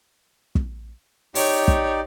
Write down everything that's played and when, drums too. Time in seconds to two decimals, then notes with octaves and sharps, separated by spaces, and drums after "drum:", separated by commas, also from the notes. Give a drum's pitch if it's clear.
0.55 drum: kick
1.35 D#4 G4 C#5 D5, drum: open hi-hat
1.68 drum: kick